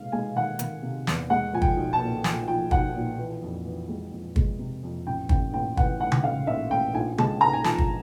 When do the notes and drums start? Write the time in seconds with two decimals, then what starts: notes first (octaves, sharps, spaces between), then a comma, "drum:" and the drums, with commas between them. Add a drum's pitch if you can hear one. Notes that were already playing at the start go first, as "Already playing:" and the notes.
Already playing: C3 G#3 F5
0.12 G#3 G#5
0.35 D#3 F#5
0.59 D#3, drum: hi-hat
0.82 C3
1.07 E2, drum: snare
1.30 G#3 F#5
1.53 F3 G#5
1.62 G5, drum: kick
1.77 B1
1.93 A5
2.01 A#2
2.24 A#2 G#5, drum: snare
2.48 F3 G5
2.71 B1 F#5, drum: kick
2.95 A#2
3.18 E3
3.42 F2
3.65 E3
3.89 G#3
4.12 F2
4.36 G#3, drum: kick
4.59 C3
4.83 F2
5.07 A1 G5
5.29 A1 G5, drum: kick
5.53 A1 G5
5.77 E3 F#5, drum: kick
6.00 G#2 F#5
6.12 drum: tom C#3
6.24 A1 F5
6.47 A1 E5
6.70 A1 G5
6.95 A#1 G#5
7.18 G#3 A5, drum: tom C#3
7.41 G#2 A#5
7.53 G#5
7.64 F3 A5, drum: snare
7.78 drum: kick